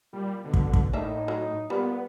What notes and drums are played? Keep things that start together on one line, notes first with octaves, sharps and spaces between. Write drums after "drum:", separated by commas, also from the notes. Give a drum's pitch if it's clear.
A#2 G3
B2 D3
drum: kick
drum: kick
A2 A#3 D4 D#4 E5
F#3
A#2 G3 B3